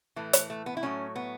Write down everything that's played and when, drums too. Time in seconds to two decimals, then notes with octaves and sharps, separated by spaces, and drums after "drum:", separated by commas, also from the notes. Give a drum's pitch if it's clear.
0.16 A2 E3 A3
0.33 drum: hi-hat
0.50 A3
0.66 B3
0.77 E4
0.83 A2 F#3 A3 C#4
1.16 B3